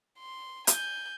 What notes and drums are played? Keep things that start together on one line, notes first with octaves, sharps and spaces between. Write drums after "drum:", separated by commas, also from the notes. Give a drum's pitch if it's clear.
C6
G#5 G6, drum: hi-hat